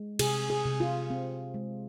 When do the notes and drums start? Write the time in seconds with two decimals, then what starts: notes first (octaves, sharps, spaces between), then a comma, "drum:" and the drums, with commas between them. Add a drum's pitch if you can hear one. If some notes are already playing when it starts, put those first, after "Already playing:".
Already playing: G#3
0.19 C3 G#4, drum: cymbal
0.50 G#4
0.65 C3
0.80 F4
1.10 C4
1.54 G#3